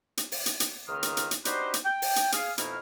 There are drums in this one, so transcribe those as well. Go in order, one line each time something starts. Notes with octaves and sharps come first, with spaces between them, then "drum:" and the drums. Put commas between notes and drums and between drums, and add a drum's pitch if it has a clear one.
drum: hi-hat
drum: open hi-hat
drum: hi-hat
drum: hi-hat
C#2 D#3 A#3 F4 D#6 F6
drum: hi-hat
drum: hi-hat
drum: hi-hat
D4 D#4 F#4 G4 B4 C5, drum: hi-hat
drum: hi-hat
G5
drum: open hi-hat
drum: hi-hat
G#4 F5, drum: hi-hat
F2 B2 D#4 E4 F6, drum: hi-hat